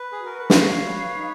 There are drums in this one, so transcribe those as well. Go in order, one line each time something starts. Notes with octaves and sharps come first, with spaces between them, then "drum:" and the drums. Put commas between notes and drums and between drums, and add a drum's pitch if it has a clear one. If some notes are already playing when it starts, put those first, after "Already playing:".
Already playing: B4
G#4
F#4
A#4
B4
C#5 F5, drum: snare
B4
D#4